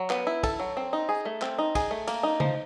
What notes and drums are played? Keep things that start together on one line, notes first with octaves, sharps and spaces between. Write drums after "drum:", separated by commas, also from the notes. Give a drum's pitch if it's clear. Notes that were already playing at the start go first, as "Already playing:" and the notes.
Already playing: F#3
B3, drum: clap
E4
A4, drum: kick, cymbal
F#3
C4
D#4
G#4
A3
C4, drum: clap
D#4
G#4, drum: kick, cymbal
A3
A#3, drum: cymbal
D#4
F3, drum: tom C#3